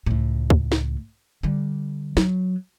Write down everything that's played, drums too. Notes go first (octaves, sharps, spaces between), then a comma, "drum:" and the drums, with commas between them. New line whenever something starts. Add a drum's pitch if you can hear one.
C#2 A2
drum: kick C#2
drum: snare
D3 G3
F#3, drum: snare